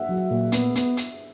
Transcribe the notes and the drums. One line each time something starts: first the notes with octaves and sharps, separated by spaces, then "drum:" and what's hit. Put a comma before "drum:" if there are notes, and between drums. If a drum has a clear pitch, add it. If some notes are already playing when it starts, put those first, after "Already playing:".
Already playing: E5 F#5
F#3
A#2
B3, drum: hi-hat
B3, drum: hi-hat
drum: hi-hat